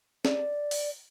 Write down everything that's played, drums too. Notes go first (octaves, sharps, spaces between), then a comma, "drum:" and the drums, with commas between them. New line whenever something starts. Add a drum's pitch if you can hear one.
D5, drum: snare C4
drum: open hi-hat